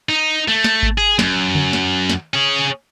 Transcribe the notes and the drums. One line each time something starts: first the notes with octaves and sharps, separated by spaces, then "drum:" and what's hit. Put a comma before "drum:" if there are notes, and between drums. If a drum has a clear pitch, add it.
D#4
A3
drum: snare
drum: kick G#1
G#4
F#2, drum: snare
drum: tom C#3
drum: snare
drum: snare
C#4 G#4